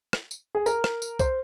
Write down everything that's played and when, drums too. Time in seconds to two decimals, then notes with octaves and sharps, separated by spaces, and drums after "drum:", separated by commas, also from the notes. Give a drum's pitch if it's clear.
0.13 drum: rim click
0.31 drum: tambourine
0.55 G#4
0.66 A#4, drum: tambourine
0.84 drum: rim click
1.02 drum: tambourine
1.19 C5, drum: kick C2, tambourine